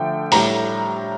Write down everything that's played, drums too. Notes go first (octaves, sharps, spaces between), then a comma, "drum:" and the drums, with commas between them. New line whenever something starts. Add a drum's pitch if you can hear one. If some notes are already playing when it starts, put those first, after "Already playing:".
Already playing: D3 F3 A3 G5
A2 G3 A#5, drum: open hi-hat